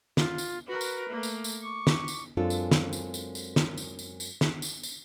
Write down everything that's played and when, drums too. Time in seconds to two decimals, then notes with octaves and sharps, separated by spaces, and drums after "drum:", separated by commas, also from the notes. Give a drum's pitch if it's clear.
0.17 F4, drum: snare
0.38 drum: tambourine
0.67 F#4 A#4 B4
0.81 drum: tambourine
1.09 A3 A#3
1.23 drum: tambourine
1.44 drum: tambourine
1.62 C#6 D6
1.87 drum: snare
2.08 drum: tambourine
2.37 F#2 G#3 C4 D4 F4 A4
2.50 drum: tambourine
2.71 drum: snare
2.93 drum: tambourine
3.14 drum: tambourine
3.35 drum: tambourine
3.56 drum: snare
3.77 drum: tambourine
3.99 drum: tambourine
4.20 drum: tambourine
4.41 drum: snare
4.62 drum: tambourine
4.83 drum: tambourine